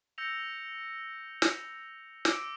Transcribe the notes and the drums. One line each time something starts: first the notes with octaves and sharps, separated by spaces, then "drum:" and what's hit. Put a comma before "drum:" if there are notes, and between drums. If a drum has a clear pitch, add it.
E6 G6 A#6 C#7 F7
drum: snare
D6 E6 D7, drum: snare